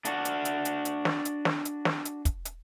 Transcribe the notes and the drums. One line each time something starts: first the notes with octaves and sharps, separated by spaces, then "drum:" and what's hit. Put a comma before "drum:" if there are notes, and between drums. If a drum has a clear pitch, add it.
D4 F#4, drum: hi-hat
drum: hi-hat
drum: hi-hat
drum: hi-hat
drum: hi-hat
drum: snare
drum: hi-hat
drum: snare
drum: hi-hat
drum: snare
drum: hi-hat
drum: kick, hi-hat
drum: hi-hat